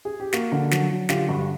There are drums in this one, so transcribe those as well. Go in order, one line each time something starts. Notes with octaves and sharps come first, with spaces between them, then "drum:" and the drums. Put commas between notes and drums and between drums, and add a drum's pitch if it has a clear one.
G#4
G4
A#3 F#4, drum: snare
D3
F#3, drum: snare
F#3
D3 F4 G4, drum: snare
G2 F#4